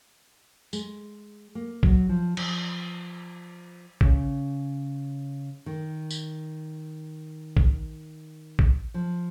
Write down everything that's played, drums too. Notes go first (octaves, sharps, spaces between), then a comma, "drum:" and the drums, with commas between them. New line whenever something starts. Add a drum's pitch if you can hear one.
G#3, drum: tambourine
A#3
F#3, drum: kick A1
F3
F3, drum: cymbal
C#3, drum: kick A1
D#3
drum: tambourine
drum: kick A1
drum: kick A1
F3